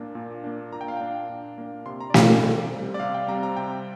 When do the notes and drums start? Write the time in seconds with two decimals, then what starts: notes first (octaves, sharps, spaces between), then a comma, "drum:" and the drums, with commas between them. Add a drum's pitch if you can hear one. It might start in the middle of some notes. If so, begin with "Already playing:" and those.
Already playing: A#2 A#3 D4
0.15 A#2
0.44 A#3 D4
0.72 A#2 A#5
0.81 G5
0.88 F5
0.97 A#3 D4 G5
1.29 A#2
1.58 A#3 D4
1.86 C3 C6
2.01 A#5
2.10 D5
2.14 G3 C4 F5, drum: snare
2.29 G5
2.44 C3
2.72 G3 C4
2.94 D5
3.00 C3 F5
3.14 G5
3.28 G3 C4 A#5
3.43 A#5
3.57 C3 G5